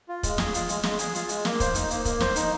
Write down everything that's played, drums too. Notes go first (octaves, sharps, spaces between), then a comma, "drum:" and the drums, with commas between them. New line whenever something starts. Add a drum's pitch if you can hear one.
F4
G#3, drum: kick, hi-hat
G#4, drum: snare
F4, drum: hi-hat
G#3, drum: hi-hat
G#3, drum: snare
G#4, drum: hi-hat
F4, drum: hi-hat
G#3, drum: hi-hat
A#3, drum: snare
C5, drum: kick, hi-hat
D#4, drum: hi-hat
A#3, drum: hi-hat
A#3, drum: kick, hi-hat
C5, drum: snare
D#4, drum: hi-hat